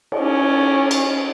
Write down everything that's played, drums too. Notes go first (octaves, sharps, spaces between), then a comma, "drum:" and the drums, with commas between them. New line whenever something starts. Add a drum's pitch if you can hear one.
drum: cymbal
C#4
drum: cymbal